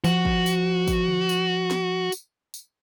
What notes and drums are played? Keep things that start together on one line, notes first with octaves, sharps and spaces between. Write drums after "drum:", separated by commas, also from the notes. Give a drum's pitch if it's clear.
F3 F#4, drum: tambourine
drum: kick
drum: tambourine
drum: kick, tambourine
drum: tom D3
drum: tambourine
drum: snare
drum: tambourine
drum: tambourine